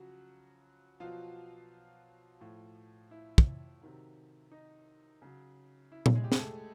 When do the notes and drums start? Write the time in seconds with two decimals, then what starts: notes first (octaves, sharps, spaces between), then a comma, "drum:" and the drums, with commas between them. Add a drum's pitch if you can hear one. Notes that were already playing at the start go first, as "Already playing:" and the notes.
Already playing: C#3 F3 F#3 F#4
1.00 B2 F3 F#3 F4
2.41 A2 F3
3.11 E4
3.38 drum: kick
3.81 C3 D#3 F#3
4.52 D#4
5.22 C#3 F#3
5.92 E4
6.06 drum: tom A#2
6.15 G#3 G#4
6.24 G4
6.32 G#4, drum: snare
6.39 A3 A4